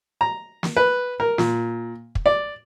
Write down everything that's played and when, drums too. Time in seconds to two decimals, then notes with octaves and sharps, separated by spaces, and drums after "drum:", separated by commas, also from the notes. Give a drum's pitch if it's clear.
0.21 A#5
0.63 drum: snare
0.77 B4
1.20 A#4
1.38 A#2, drum: snare
2.15 drum: kick
2.26 D5